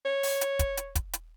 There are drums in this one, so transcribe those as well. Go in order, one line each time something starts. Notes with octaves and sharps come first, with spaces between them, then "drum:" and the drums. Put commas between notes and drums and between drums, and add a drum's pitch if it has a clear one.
C#5
drum: open hi-hat
drum: hi-hat
drum: kick, hi-hat
drum: hi-hat
drum: kick, hi-hat
drum: hi-hat